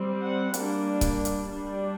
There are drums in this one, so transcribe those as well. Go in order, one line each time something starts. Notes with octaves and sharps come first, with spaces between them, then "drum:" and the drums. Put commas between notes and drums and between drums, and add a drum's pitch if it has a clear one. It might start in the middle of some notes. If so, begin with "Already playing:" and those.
Already playing: G3 C4
F#5
G3 A#3 D4, drum: hi-hat
drum: kick, hi-hat
drum: hi-hat
G3 D4